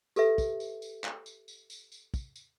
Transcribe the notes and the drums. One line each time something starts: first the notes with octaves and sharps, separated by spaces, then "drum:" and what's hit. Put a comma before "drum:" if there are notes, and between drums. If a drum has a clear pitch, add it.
G4 A4 B4 E5, drum: tambourine
drum: kick, tambourine
drum: tambourine
drum: tambourine
drum: clap
drum: tambourine
drum: tambourine
drum: tambourine
drum: tambourine
drum: kick, tambourine
drum: tambourine